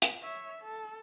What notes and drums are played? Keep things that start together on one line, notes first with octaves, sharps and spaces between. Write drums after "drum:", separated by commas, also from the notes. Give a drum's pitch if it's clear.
drum: hi-hat
C#5 E5
A4